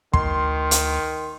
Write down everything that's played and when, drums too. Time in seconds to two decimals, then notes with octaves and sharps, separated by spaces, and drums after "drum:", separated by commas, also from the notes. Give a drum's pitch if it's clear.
0.13 D2 D#3 C6, drum: kick
0.71 drum: hi-hat